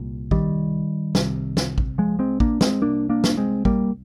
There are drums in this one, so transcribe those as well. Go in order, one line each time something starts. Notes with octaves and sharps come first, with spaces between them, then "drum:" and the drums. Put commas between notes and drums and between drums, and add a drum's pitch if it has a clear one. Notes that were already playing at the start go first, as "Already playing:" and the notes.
Already playing: C2 A#2
D#3 G3, drum: kick A1
C2 C3, drum: snare
drum: snare
drum: kick A1
F3 G#3
G#3 C4
A#3 D4, drum: kick A1
G#3 C4, drum: snare
C2 C3 A#3 D4
A#3 D4
drum: snare
G#3 C4
G3 A#3, drum: kick A1